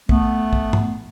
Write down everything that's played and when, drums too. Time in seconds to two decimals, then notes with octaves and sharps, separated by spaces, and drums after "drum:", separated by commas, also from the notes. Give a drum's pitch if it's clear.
0.09 A3 B3, drum: kick
0.53 drum: kick
0.73 drum: tom